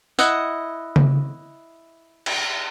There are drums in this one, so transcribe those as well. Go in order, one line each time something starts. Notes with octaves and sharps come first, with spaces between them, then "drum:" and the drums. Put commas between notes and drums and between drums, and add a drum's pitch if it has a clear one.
E4 D#5 F#5, drum: tambourine
drum: tom C#3
drum: cymbal